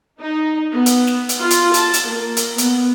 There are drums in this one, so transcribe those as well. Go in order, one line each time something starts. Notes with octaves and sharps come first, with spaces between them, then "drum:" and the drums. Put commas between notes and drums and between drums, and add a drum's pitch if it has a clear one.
D#4
B3
drum: hi-hat
drum: snare
drum: hi-hat
F4
drum: hi-hat
A5, drum: hi-hat
drum: hi-hat
A#3
drum: hi-hat
B3, drum: hi-hat